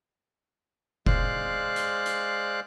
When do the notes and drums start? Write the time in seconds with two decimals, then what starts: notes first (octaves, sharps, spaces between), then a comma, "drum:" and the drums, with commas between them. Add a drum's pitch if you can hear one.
1.06 G#3 C5 D5 F5 F#6, drum: kick F1
1.76 drum: hi-hat
2.06 drum: hi-hat